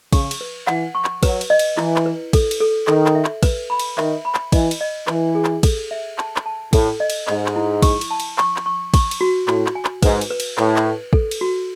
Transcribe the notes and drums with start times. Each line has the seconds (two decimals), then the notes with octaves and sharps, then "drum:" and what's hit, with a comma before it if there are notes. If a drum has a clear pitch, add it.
0.13 C#3 C#6, drum: kick, cymbal
0.31 drum: cymbal
0.41 B4
0.67 E3 F#5, drum: clap
0.95 C#6
1.04 drum: clap
1.23 F#3 B4, drum: kick, cymbal
1.41 drum: cymbal
1.50 D#5
1.59 drum: cymbal
1.77 E3 E4, drum: clap
1.96 drum: clap
2.06 B4
2.33 A4, drum: kick, cymbal
2.51 drum: cymbal
2.60 A4
2.87 D#3 A4, drum: clap
3.06 drum: clap
3.15 E5
3.24 drum: clap
3.43 B4, drum: kick, cymbal
3.70 B5
3.79 drum: cymbal
3.98 D#3 E5, drum: clap
4.25 B5
4.34 drum: clap
4.52 E3 D#5, drum: kick, cymbal
4.71 drum: cymbal
4.81 D#5
5.07 E3 B4, drum: clap
5.35 G#4
5.45 drum: clap
5.63 A4, drum: kick, cymbal
5.91 E5
6.18 A5, drum: clap
6.36 drum: clap
6.46 A5
6.73 A2 A4, drum: kick, cymbal
7.00 D#5
7.10 drum: cymbal
7.27 G#2 D#5, drum: clap
7.46 drum: clap
7.56 E4
7.82 C#6, drum: kick, cymbal
8.01 drum: cymbal
8.11 A5
8.20 drum: cymbal
8.38 C#6, drum: clap
8.56 drum: clap
8.66 C#6
8.94 C#6, drum: kick, cymbal
9.11 drum: cymbal
9.21 F#4
9.48 A2 F#4, drum: clap
9.66 drum: clap
9.75 G#5
9.85 drum: clap
10.03 G#2 B4, drum: kick, cymbal
10.21 drum: cymbal
10.31 B4
10.40 drum: cymbal
10.57 A2 B4, drum: clap
10.76 drum: clap
10.86 B4
11.13 A4, drum: kick
11.31 drum: cymbal
11.41 F#4